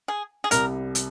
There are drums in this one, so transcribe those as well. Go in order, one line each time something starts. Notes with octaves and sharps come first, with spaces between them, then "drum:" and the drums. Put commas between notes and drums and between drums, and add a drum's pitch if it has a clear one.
G#4
G#4
C2 C3 G3 A#4, drum: hi-hat
drum: hi-hat